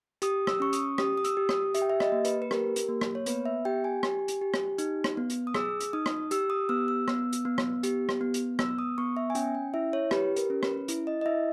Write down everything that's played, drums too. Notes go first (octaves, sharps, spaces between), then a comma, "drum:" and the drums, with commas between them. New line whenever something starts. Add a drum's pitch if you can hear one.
G4 D#6, drum: hi-hat
E6, drum: rim click
C#4 C#6
D#6, drum: hi-hat
G4 D#6, drum: rim click
D#6
E6, drum: hi-hat
G4
D#6, drum: rim click
G4 E5, drum: hi-hat
G5
E5
D#5, drum: rim click
A#3
B4, drum: hi-hat
B4
G4 A#4, drum: rim click
drum: hi-hat
A#3
drum: rim click
C#5
B3 B4, drum: hi-hat
E5
G4 G5
G#5
G4, drum: rim click
drum: hi-hat
G4
drum: rim click
D#4, drum: hi-hat
drum: rim click
B3
drum: hi-hat
D#6
G#4 E6, drum: rim click
drum: hi-hat
D#4 D#6
drum: rim click
G4 E6, drum: hi-hat
D#6
B3 E6
E6
B3, drum: rim click
drum: hi-hat
B3
drum: rim click
G4, drum: hi-hat
drum: rim click
B3
drum: hi-hat
B3 E6, drum: rim click
D#6
B3 C#6
E5
G#5
C#4 G5, drum: hi-hat
G5
E4 E5
C#5
G4 B4, drum: rim click
A#4, drum: hi-hat
C#4
B4, drum: rim click
E4, drum: hi-hat
D#5
D#5
E4 E5